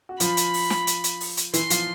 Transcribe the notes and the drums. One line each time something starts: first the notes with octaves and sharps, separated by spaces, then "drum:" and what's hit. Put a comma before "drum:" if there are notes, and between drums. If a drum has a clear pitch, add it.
F#4
F3 F4 B5, drum: hi-hat
drum: hi-hat
drum: open hi-hat
drum: snare
drum: hi-hat
drum: hi-hat
drum: open hi-hat
drum: hi-hat
E3 E4 C6, drum: hi-hat
F3 F4, drum: hi-hat